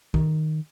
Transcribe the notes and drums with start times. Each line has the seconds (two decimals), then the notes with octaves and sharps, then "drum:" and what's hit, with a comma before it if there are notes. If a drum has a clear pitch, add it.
0.14 D#3, drum: kick